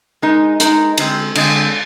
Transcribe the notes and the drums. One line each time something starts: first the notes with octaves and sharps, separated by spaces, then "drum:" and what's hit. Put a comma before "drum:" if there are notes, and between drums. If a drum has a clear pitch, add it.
G#3 D#4 A#4
G#3 D#4 A#4, drum: hi-hat
D3 G#3 C4, drum: cymbal
D3 G#3 C4, drum: cymbal